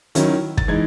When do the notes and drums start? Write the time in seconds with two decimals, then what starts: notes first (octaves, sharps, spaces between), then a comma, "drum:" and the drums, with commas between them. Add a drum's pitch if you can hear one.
0.15 D#3 F#3 C#4 E4, drum: hi-hat
0.57 A6, drum: kick
0.68 E3 G#3 D#4 G#6